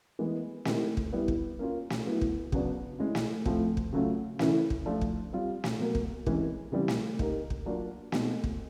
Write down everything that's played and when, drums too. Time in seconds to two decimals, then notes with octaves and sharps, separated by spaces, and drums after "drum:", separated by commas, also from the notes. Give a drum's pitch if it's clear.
0.19 E3 G#3 B3
0.65 D#3 G#3 C4 E4 G4, drum: snare
0.97 drum: kick
1.12 G3 B3 E4
1.28 drum: kick
1.59 A#3 C#4 F4
1.90 drum: snare
2.06 F#3 B3 E4
2.21 drum: kick
2.52 C#3 F#3 B3 D4, drum: kick
2.99 G#3 C#4 E4
3.15 drum: snare
3.45 A2 F3 A3 C4, drum: kick
3.77 drum: kick
3.93 C#3 F#3 A3 C#4 F4
4.39 C#3 E3 A3 C#4 E4, drum: snare
4.70 drum: kick
4.86 F3 A3 D4 F4
5.01 drum: kick
5.33 G3 C4 F4
5.64 drum: snare
5.79 B2 F#3 A#3
5.95 drum: kick
6.26 C3 E3 G#3 C#4, drum: kick
6.72 C#3 E3 G3 C4
6.88 drum: snare
7.19 A#3 D#4 G4 A#4, drum: kick
7.50 drum: kick
7.66 F#3 A#3 D4 F4 A#4
8.12 B2 G#3 C4 D#4, drum: snare
8.44 drum: kick